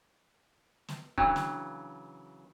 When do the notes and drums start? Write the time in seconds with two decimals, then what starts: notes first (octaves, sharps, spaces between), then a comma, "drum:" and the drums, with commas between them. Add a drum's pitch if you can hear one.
0.88 drum: snare
1.18 C#3 E3 F#3 D4, drum: kick
1.36 drum: snare